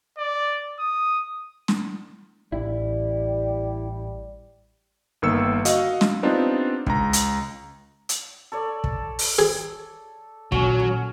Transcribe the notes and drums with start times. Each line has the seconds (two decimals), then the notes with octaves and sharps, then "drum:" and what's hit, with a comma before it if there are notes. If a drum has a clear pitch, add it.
0.18 D5
0.79 D#6
1.68 drum: snare
2.52 A1 G3 E4
5.22 G1 D#3 A#3 B3 E6 C#7
5.65 F#4 D#5 F5, drum: hi-hat
6.01 drum: snare
6.23 B3 C4 D4 D#4 F4 G4
6.87 C#2 A#5, drum: kick
7.13 drum: hi-hat
8.09 drum: hi-hat
8.52 A4 C#5 D5
8.84 drum: kick
9.19 drum: open hi-hat
9.39 G#4
10.52 A#2 D#3 F#3 C#4 C#5 C#6, drum: kick